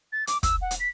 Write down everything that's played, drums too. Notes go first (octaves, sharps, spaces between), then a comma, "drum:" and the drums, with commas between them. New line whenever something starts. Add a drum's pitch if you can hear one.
A6
D6, drum: hi-hat
E6, drum: kick, hi-hat
F#5
drum: hi-hat
B6